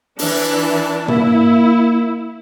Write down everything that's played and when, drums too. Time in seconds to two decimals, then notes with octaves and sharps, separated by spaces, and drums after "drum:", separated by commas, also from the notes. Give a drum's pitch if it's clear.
0.19 E3 D4, drum: open hi-hat
1.08 A#3 E4, drum: tom